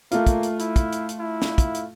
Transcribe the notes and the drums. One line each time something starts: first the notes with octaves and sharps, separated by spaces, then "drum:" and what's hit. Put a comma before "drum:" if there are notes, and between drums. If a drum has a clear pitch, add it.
A3 A#3 F4, drum: hi-hat
drum: kick, hi-hat
drum: hi-hat
E4, drum: hi-hat
drum: kick, hi-hat
drum: hi-hat
drum: hi-hat
E4
drum: snare
drum: kick, hi-hat
drum: hi-hat